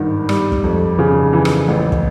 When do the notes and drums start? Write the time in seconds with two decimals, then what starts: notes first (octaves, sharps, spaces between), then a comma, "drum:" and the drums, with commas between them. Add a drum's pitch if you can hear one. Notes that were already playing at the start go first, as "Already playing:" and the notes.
Already playing: G#1 G2 D#3
0.29 G3, drum: rim click
0.52 drum: kick
0.64 F2
0.99 C#3
1.33 E3
1.45 drum: rim click
1.68 A1
1.92 drum: kick